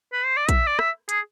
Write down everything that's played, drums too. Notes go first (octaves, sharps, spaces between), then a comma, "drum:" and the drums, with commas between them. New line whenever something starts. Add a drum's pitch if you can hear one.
B4
C5
D5
E5, drum: kick A#1, hi-hat
D5
E5, drum: rim click
G#4, drum: hi-hat